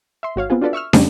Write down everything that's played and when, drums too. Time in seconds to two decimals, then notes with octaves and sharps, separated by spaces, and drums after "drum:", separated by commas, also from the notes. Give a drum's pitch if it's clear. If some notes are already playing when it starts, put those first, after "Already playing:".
0.23 E5 C6
0.36 G#1 F#4 C#5 F5
0.50 B3 C4 F4 G#4
0.61 D4 F4 F#4 A4 B4 D5
0.73 E5 C#6 E6 F6
0.93 F2 C#3 F3 G3 G#3 C#4, drum: snare